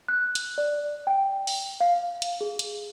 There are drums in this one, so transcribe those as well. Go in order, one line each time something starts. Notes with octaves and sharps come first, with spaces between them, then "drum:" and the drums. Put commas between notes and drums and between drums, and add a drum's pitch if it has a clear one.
F#6
drum: hi-hat
D5
G5
drum: open hi-hat
F5
drum: hi-hat
G#4
drum: hi-hat